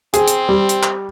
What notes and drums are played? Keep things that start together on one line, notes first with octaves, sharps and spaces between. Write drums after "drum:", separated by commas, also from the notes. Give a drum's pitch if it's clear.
C4 G#4, drum: hi-hat
drum: hi-hat
G3
drum: hi-hat
drum: clap